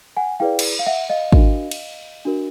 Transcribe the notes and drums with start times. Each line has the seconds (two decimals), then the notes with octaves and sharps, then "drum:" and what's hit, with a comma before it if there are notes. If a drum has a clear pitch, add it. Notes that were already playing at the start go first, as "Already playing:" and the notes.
0.17 F#5 G#5
0.40 E4 G#4 B4 D5 F5 G5
0.59 drum: cymbal
0.79 F5
0.86 E5 F#5
1.09 D#5 F5
1.32 D4 F#4 A#4, drum: kick
1.71 drum: cymbal
2.25 D4 F#4 A#4